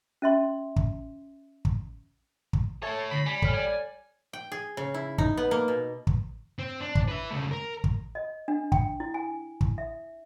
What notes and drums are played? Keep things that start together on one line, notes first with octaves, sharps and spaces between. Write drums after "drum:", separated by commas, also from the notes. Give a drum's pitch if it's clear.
C#4 E5 C6
drum: kick
drum: kick
drum: kick
A3 A4 C#5 E5 G#6
D3 B5 A#6 C7 D7
G3 G#5
A4 C#5 F6, drum: kick
D5 G#5
G5
G#4
C#3
E4
D#4, drum: kick
B3
A#3
B2
drum: kick
C4
D4
drum: kick
B4 E5
C#3 A3
A#4
drum: kick
D#5
D4
G5, drum: kick
E4
G#5
drum: kick
E5